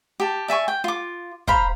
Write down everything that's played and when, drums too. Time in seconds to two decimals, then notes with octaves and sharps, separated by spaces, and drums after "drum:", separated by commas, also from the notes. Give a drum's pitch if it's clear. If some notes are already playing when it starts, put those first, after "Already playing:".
0.20 G4 A5
0.48 D5 E5 G#5 C#6
0.68 G5
0.84 F4 D6
1.47 C5 F5 A#5 B5, drum: kick